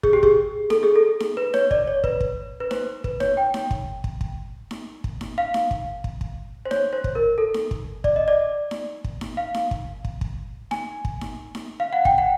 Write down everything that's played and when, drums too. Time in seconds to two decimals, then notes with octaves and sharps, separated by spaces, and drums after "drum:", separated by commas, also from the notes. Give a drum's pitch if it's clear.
0.03 G#4, drum: kick
0.13 G4
0.23 G#4, drum: kick
0.70 A4, drum: snare D#4
0.83 G#4
0.96 A4
1.20 drum: snare D#4
1.37 B4
1.54 C#5, drum: snare D#4
1.71 D5, drum: kick
1.88 C#5
2.04 B4, drum: kick
2.20 drum: kick
2.60 B4
2.71 C5, drum: snare D#4
3.04 B4, drum: kick
3.20 C#5, drum: snare D#4
3.37 G5
3.54 drum: snare D#4
3.71 drum: kick
4.04 drum: kick
4.21 drum: kick
4.71 drum: snare D#4
5.04 drum: kick
5.21 drum: snare D#4
5.38 F5
5.54 drum: snare D#4
5.71 drum: kick
6.04 drum: kick
6.21 drum: kick
6.65 C5
6.71 C#5, drum: snare D#4
6.93 C5
7.04 drum: kick
7.15 A#4
7.38 A4
7.54 drum: snare D#4
7.71 drum: kick
8.04 D5, drum: kick
8.16 D#5
8.28 D5
8.71 drum: snare D#4
9.04 drum: kick
9.21 drum: snare D#4
9.37 F5
9.54 drum: snare D#4
9.71 drum: kick
10.05 drum: kick
10.21 drum: kick
10.71 G#5, drum: snare D#4
11.05 drum: kick
11.21 drum: snare D#4
11.55 drum: snare D#4
11.80 F5
11.93 F#5
12.05 G5, drum: kick
12.18 F#5